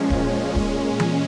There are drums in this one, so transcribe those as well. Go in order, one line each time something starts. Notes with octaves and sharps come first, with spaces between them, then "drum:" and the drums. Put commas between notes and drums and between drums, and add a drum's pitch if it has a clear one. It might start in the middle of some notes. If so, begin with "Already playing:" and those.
Already playing: A#2 F3 G#3 C#4
drum: kick D1
A#2 G#3, drum: kick D1
drum: tom E3